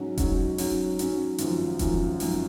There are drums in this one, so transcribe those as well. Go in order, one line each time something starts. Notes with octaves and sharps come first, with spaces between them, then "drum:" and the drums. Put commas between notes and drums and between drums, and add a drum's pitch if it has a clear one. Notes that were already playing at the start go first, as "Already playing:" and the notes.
Already playing: G#2 F#3 C#4
G#2 F#3 C#4, drum: kick E1, hi-hat
G#2 F#3 C#4, drum: open hi-hat
G#2 F#3 C#4, drum: hi-hat
G#1 F#2 F3, drum: hi-hat
G#1 F#2 F3, drum: kick E1, hi-hat
G#1 F#2 F3, drum: open hi-hat